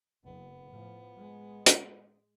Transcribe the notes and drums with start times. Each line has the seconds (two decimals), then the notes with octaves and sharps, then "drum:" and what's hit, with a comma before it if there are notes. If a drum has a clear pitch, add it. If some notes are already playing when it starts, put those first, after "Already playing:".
0.25 F#1 B3
0.70 A2 F3
1.18 G#3
1.66 drum: hi-hat